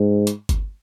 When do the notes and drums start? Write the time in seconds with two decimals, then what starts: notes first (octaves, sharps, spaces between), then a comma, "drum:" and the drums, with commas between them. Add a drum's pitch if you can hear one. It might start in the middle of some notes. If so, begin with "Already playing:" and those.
Already playing: G#2
0.27 drum: hi-hat
0.49 drum: kick G1, hi-hat